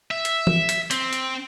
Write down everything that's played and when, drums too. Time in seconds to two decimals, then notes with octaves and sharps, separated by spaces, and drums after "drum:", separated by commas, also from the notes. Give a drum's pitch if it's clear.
0.11 E5
0.25 drum: hi-hat
0.47 drum: tom E3
0.69 drum: hi-hat
0.91 C4, drum: hi-hat
1.13 drum: hi-hat